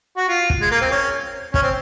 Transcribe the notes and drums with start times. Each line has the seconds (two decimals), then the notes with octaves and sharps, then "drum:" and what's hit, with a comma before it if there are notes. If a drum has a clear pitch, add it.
0.17 F#4
0.29 F4
0.50 drum: kick
0.61 G#3
0.71 A#3
0.81 C4
0.91 C#4
1.54 C#4, drum: kick
1.62 C4